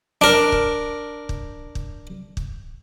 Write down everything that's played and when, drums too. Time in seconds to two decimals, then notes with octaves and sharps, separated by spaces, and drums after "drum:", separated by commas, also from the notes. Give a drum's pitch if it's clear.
0.21 D4 A#4
0.52 drum: kick
1.29 drum: kick
1.75 drum: kick
2.37 drum: kick